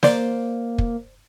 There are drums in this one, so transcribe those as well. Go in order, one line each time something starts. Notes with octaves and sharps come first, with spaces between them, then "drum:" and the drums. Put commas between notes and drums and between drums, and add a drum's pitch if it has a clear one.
A#3 C5 D5, drum: snare
drum: kick